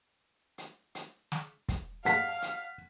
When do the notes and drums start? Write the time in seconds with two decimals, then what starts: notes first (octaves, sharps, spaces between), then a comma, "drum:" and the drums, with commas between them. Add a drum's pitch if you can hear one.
0.58 drum: hi-hat
0.95 drum: hi-hat
1.32 drum: snare
1.69 drum: kick, hi-hat
2.05 F5 F#5 B6, drum: hi-hat
2.42 drum: hi-hat